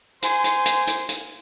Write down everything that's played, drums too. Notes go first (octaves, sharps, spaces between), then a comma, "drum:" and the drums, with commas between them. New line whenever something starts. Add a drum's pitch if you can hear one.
C5 G#5 C6, drum: hi-hat
drum: hi-hat
drum: hi-hat
drum: hi-hat
drum: hi-hat